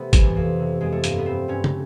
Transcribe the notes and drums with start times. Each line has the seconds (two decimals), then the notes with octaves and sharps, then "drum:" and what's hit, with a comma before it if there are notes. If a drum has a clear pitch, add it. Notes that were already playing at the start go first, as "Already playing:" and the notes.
Already playing: C3 A3 B3
0.13 E3, drum: kick, hi-hat
0.36 F2
0.59 C3
0.81 F2 G#3
0.92 A3
1.04 G2 A#3, drum: hi-hat
1.18 B3
1.26 G2 C4
1.48 G2 C#4
1.64 drum: tom